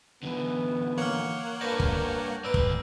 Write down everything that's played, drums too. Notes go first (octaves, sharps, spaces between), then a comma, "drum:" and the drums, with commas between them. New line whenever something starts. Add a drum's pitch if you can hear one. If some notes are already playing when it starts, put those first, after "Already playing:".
D3 E3 B3
A#3 C#5 F#5 F6 F#7
D4 A#4 B4 D5 D6 G6 A#6
drum: kick
G#2 B4 D5 A#5 E6 D7
drum: kick